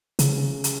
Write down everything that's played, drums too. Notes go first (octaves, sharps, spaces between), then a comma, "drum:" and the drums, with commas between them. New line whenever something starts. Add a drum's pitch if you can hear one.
C#3, drum: hi-hat
drum: hi-hat